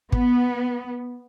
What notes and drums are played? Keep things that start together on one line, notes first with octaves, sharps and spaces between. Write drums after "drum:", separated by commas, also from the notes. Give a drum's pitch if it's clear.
B3, drum: kick